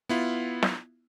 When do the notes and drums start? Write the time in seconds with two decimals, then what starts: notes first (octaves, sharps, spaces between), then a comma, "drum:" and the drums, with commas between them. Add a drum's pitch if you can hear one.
0.09 B3 E4 F4
0.63 drum: snare